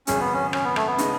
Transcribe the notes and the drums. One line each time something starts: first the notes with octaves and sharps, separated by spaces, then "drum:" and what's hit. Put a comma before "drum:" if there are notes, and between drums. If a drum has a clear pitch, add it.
G#1 F#2 C#3 C#4, drum: hi-hat
B3
C#4
C#4, drum: rim click
B3
A3, drum: rim click
B3
C#3 G#3 D#4, drum: hi-hat